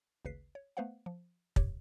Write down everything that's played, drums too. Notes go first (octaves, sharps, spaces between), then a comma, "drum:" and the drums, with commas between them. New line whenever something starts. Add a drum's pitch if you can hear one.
G#1 D2 C#3 B4 B6 C7
C#5
A3 B3 B4 C5 F5 F#5
F3
G4 C#5, drum: kick